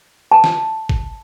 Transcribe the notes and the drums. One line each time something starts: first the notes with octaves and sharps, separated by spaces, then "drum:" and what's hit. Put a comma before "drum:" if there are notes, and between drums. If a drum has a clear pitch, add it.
A5
drum: snare
drum: kick G#1